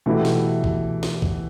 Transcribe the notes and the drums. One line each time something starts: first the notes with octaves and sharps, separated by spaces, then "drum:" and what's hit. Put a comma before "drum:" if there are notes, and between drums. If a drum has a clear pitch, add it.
B2 E3 A3 E4 G4
drum: snare
drum: kick
drum: snare
drum: kick